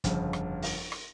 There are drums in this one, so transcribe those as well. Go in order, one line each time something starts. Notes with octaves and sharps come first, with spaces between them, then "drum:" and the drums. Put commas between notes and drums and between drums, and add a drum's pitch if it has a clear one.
G1 F2 C#3, drum: kick, hi-hat
drum: rim click
drum: open hi-hat
drum: rim click